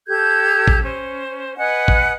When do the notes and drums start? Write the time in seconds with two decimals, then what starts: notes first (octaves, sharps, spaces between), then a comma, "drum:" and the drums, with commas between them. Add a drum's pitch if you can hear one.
0.07 G4 A4 G6 G#6
0.68 drum: kick
0.83 C#4 C5
1.58 B4 D#5 F#5 G#5
1.88 drum: kick